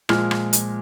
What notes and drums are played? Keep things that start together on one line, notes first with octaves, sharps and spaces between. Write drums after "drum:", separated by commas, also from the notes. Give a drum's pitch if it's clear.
A#2 F3 G#3 F6, drum: rim click
drum: rim click
drum: hi-hat